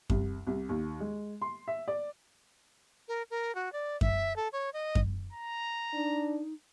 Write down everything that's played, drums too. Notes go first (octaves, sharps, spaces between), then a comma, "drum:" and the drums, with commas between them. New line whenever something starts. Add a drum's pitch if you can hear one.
C2, drum: kick F#2
C2
D#2
G#3
C6
E5
D5
A#4
A#4
F#4
D5
E5, drum: kick F#2
A4
C#5
D#5
drum: kick F#2
A#5
D4 D#4